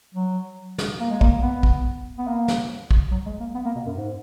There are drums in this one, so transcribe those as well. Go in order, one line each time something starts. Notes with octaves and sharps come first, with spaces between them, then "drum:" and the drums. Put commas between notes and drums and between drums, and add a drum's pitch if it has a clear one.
F#3
drum: snare
A#3
G#3
A#3, drum: kick
B3
drum: kick
B3
A#3
drum: snare
drum: kick
F#3
G#3
A#3
B3
A#3
B2
F#2
G#2